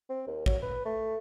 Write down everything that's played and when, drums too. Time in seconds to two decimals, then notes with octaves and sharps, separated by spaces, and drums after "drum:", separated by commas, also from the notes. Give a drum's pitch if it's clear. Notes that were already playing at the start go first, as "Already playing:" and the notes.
0.10 C4
0.27 D#2
0.46 F#3, drum: kick
0.62 B4
0.85 A3